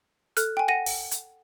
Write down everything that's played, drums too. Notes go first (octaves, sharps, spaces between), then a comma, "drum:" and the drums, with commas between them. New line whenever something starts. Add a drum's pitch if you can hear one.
A4 F6 F#6, drum: hi-hat
G5 G#5
F#5 A#6 D#7
drum: open hi-hat
drum: hi-hat